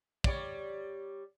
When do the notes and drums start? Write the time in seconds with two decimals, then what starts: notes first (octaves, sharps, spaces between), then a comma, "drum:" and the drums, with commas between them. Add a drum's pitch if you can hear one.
0.24 G3 C#5 D5, drum: kick